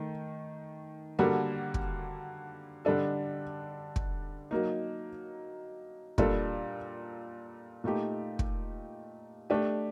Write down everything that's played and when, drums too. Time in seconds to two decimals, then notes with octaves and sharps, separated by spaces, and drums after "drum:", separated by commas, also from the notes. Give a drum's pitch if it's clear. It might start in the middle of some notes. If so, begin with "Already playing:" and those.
Already playing: D#3 A3 D#4
1.19 D3 G3 A#3 F#4 A4
1.74 drum: kick
2.85 D3 G3 D4 A4
3.96 drum: kick
4.51 F#3 A#3 D#4
6.18 A#2 G3 D4 A4, drum: kick
7.84 A#2 A3 D#4 G4
8.39 drum: kick
9.50 A3 D4 G4